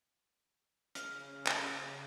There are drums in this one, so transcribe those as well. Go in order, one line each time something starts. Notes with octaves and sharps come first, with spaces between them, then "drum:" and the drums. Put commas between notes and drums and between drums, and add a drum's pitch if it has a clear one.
C#3 F6, drum: hi-hat
drum: clap